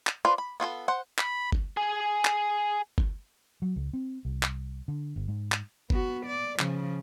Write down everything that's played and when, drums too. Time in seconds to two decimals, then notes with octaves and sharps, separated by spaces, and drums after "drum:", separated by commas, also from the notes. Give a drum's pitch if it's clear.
0.07 drum: clap
0.25 D4 F4 B4 C5 D5
0.38 B5
0.60 B3 F4 F#4 A4
0.88 C5 F#5
1.19 B5, drum: clap
1.52 drum: kick G1
1.77 G#4 G#5
2.25 drum: clap
2.98 drum: kick G1
3.62 F#3
3.76 C#2
3.93 C4
4.25 C2
4.43 drum: clap
4.88 D3
5.16 G1
5.28 G#2
5.52 drum: clap
5.90 B3 F#4, drum: kick G1
6.26 D5
6.60 C#3 F3, drum: clap